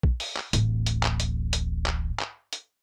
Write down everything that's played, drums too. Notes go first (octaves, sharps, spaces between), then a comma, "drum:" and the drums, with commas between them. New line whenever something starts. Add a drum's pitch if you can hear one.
drum: kick A#1
drum: open hi-hat
drum: clap
D1 A1, drum: hi-hat
drum: hi-hat
drum: clap
drum: hi-hat
drum: hi-hat
drum: clap
drum: clap
drum: hi-hat